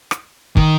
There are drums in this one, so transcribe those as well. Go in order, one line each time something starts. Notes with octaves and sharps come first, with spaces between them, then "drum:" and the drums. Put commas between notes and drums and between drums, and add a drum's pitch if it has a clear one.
drum: rim click
D#3, drum: kick